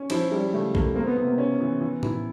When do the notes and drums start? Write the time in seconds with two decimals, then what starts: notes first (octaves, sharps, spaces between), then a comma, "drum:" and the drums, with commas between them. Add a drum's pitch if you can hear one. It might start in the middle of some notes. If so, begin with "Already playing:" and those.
Already playing: C#4
0.10 F3 E4, drum: cymbal
0.32 G3 E4
0.53 C#3 A3
0.75 A3 A#3, drum: kick A#1
0.95 A#3 C4
1.06 B3
1.17 C3 B3
1.28 A#3
1.38 C#4
1.60 E3
1.81 E3
2.03 E4, drum: tom A2